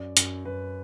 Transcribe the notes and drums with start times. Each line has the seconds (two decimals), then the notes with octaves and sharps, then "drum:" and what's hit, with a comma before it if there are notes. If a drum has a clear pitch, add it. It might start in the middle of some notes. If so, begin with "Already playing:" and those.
Already playing: F#2 D5
0.17 F#2, drum: hi-hat
0.45 F#2 B4